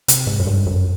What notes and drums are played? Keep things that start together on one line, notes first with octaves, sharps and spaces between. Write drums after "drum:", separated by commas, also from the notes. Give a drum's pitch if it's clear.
C3, drum: hi-hat
G#2
F#2
G2
F#2